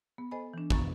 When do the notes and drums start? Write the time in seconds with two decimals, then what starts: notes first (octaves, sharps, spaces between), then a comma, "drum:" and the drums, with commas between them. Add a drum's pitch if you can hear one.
0.18 B3
0.31 A4 C5 D#5 G#5 B5
0.54 E3 D4
0.70 F2 D#3 B3 A#5 C#6 A6, drum: kick